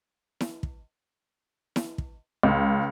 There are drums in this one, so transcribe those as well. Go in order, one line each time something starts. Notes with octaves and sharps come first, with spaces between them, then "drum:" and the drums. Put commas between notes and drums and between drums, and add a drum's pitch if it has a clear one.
drum: snare E4
drum: kick
drum: snare E4
drum: kick
C#2